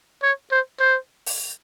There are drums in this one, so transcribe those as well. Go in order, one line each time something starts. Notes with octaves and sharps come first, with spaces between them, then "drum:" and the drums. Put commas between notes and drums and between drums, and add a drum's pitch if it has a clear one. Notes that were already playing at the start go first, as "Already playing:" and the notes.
C#5
C5
C5
drum: open hi-hat